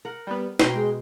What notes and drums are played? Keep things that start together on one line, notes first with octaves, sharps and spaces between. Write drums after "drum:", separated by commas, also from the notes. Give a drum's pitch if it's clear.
A#4 F#5
G3 B3
B2 G5 A#5 C6, drum: snare
G#3